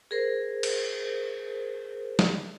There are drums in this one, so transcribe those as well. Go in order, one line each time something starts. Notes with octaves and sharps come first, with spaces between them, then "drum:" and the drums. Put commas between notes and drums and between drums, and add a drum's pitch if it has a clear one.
G#4 A#4 C5
drum: cymbal
drum: snare